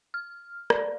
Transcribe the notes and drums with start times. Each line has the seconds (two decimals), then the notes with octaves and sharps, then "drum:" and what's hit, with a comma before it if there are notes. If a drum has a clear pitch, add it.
0.14 F6
0.70 D5, drum: rim click